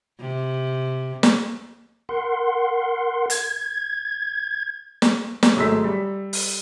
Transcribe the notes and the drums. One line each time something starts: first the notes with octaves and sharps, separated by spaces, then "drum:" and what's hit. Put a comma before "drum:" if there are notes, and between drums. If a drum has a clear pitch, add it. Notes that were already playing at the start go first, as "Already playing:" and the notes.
C3
drum: snare
A#4 F#5 C6
G#6, drum: hi-hat
drum: snare
drum: snare
G#1 F#3 G#3 A3 E6 B6
G3
drum: open hi-hat